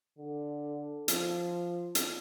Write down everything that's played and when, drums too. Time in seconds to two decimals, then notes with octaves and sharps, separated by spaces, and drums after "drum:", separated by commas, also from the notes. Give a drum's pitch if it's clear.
0.18 D3
1.08 F3, drum: hi-hat
1.95 drum: hi-hat